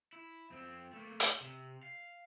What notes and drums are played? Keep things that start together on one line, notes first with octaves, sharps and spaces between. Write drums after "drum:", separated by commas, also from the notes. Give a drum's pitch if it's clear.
E4
F2 C4
A3 A#3
drum: hi-hat
C3
F5